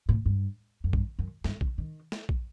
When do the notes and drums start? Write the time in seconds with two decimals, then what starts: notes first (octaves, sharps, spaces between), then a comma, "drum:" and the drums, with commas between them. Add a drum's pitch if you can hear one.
0.09 A2
0.26 G2
0.84 F#2
0.93 G2, drum: kick A#1
1.19 F#2
1.44 G2, drum: snare
1.61 D3, drum: kick A#1
1.78 D#3
2.12 drum: snare
2.29 drum: kick A#1